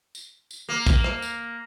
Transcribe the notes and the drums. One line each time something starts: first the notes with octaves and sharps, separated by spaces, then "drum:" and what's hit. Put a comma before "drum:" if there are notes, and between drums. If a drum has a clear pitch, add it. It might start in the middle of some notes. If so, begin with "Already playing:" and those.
drum: tambourine
drum: tambourine
A#3
drum: kick, tambourine
drum: rim click
drum: tambourine